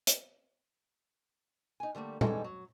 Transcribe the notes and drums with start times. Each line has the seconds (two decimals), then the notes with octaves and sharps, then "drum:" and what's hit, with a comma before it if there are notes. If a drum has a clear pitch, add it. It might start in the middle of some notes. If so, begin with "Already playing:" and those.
0.07 drum: hi-hat
1.80 D#4 G#5
1.95 D3 G3 A3 A#3
2.21 A2 E3 G3 G#3 D#4 A4, drum: tom A#2
2.44 F#3